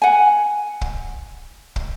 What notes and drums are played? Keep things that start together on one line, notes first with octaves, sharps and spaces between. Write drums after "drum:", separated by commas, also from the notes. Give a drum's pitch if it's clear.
F#5 G#5
drum: kick
drum: kick